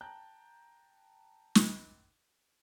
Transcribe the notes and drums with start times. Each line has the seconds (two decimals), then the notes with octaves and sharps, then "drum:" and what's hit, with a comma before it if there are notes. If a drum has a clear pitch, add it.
0.01 G5 A5 A#5 F#6 G6
1.55 drum: snare